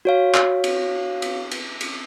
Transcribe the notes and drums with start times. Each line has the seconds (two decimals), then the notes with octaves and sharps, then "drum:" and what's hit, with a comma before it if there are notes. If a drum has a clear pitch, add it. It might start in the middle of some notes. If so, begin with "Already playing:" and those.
0.05 F#4 C#5 F5
0.34 drum: clap
0.64 drum: cymbal
1.22 drum: cymbal
1.51 drum: cymbal
1.81 drum: cymbal